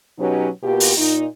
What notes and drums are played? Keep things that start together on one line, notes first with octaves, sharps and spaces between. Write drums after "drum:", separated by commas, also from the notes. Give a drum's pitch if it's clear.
B2 F#3 C#4 D#4 G4 B4
B2 A#3 F4 G4
drum: open hi-hat
A#2 D#4